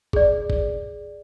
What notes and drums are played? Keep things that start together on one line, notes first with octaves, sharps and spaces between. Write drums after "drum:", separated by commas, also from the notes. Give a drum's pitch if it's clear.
G#4 D5, drum: kick
drum: kick